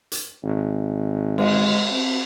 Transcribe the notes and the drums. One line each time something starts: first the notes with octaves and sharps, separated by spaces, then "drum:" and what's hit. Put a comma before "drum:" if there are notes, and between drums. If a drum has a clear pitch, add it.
drum: hi-hat
G#1
G#3, drum: cymbal
C4